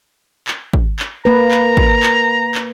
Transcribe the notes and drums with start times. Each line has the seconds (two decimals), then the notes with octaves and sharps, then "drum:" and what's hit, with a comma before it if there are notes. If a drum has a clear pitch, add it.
0.48 drum: clap
0.73 drum: kick
0.99 drum: clap
1.25 A#3 B4 A#5
1.51 drum: clap
1.77 drum: kick
2.03 drum: clap
2.55 drum: clap